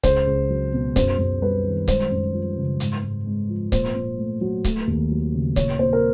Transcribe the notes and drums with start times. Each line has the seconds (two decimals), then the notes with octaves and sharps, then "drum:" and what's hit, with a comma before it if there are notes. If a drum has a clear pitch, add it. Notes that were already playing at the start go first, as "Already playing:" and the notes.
0.03 C#2 C5, drum: kick C#1, hi-hat
0.27 C#2
0.50 F#3
0.73 B2
0.96 F#2 C5, drum: kick C#1, hi-hat
1.19 F#2
1.42 G3 B4
1.65 D#3
1.88 G#3 C5, drum: kick C#1, hi-hat
2.11 F#2
2.34 F3
2.58 C#3
2.80 G#2, drum: hi-hat
3.03 G#2
3.26 G#3
3.49 F3
3.72 A#2 C5, drum: kick C#1, hi-hat
3.95 A#2
4.18 A3
4.41 F#3
4.64 A3, drum: kick C#1, hi-hat
4.87 D#2
5.11 F#3
5.34 C#3
5.56 A#2 C#5, drum: kick C#1, hi-hat
5.79 A#2 C5
5.93 A#4